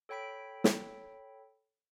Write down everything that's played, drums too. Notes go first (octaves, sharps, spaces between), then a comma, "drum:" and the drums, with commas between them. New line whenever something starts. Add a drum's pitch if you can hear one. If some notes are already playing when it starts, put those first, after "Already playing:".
A4 C#5 G5 B5 B6 D7
drum: snare